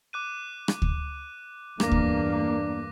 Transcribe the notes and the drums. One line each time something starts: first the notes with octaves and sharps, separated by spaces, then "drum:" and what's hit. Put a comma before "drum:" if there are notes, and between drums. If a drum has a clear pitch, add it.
D6 F#6 D#7
drum: rim click
drum: kick D2
E2 G2 A#3 D4 D6 A#6, drum: rim click
drum: kick D2